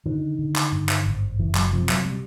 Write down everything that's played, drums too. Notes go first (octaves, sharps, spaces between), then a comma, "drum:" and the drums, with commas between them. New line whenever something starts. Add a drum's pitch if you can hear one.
D3 D#3
D3
drum: clap
G2
drum: clap
G#1
F#1 E3
F#3, drum: clap
C3 F3
F#3, drum: clap
G3